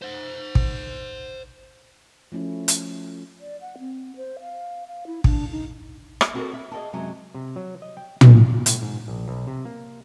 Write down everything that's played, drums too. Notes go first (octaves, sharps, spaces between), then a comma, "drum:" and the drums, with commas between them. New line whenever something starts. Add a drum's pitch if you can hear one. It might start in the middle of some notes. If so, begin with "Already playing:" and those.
C5 F#5
drum: kick
F3 A3 C#4 E4
drum: hi-hat
D5
F#5
C4
C5
F5
F5
E4
D4, drum: kick
D#4
drum: rim click
B3 C4 F#4 G4 A4 A#4
E5
G#4 D#5 G5 A5
F#2 C3 F#3 G#3 G#5
C3
F#3
D#5
G5
E2, drum: tom
A2, drum: hi-hat
G#2
A#1
B1
C3
A#3